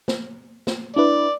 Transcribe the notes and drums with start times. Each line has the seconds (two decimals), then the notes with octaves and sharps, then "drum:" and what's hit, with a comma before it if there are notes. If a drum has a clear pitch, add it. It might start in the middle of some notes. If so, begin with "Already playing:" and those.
0.08 drum: snare
0.67 drum: snare
0.96 D4 E4 B4 D5